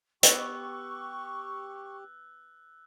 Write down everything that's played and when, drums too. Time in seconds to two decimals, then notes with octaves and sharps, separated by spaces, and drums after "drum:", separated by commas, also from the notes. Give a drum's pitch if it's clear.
0.23 B3 G4 C#6 E6 F#6, drum: hi-hat